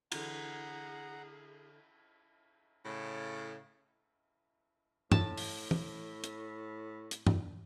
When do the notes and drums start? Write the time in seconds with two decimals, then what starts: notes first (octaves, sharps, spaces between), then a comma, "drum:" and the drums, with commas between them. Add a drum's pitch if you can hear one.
0.12 D3 E3 G#4 F#5 A#5, drum: cymbal
2.85 A2 C#3
5.12 A2 A5, drum: tom G2
5.37 drum: open hi-hat
5.71 drum: tom
6.24 drum: hi-hat
7.11 drum: hi-hat
7.27 drum: tom G2